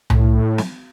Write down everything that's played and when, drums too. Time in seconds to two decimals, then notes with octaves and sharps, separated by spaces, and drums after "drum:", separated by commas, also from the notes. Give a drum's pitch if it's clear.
0.10 A2, drum: tom C2
0.58 drum: snare